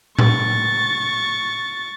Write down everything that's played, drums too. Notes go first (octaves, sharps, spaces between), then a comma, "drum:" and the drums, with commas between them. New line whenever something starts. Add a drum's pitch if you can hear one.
C#6 A6, drum: tom A2